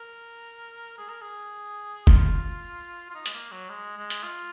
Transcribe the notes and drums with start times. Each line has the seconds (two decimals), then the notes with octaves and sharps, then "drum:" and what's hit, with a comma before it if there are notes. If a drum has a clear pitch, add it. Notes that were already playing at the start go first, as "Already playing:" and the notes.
Already playing: A#4
0.98 G#4
1.09 A#4
1.22 G#4
2.07 F4, drum: kick
3.11 F4
3.15 D#4
3.26 G#3, drum: hi-hat
3.34 A#3
3.52 F#3
3.69 G#3
3.97 G#3
4.10 drum: hi-hat
4.24 F4